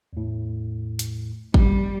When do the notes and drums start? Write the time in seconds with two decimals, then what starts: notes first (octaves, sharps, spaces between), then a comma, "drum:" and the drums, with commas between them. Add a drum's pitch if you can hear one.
0.13 E2 A2
0.99 drum: hi-hat
1.54 G3, drum: kick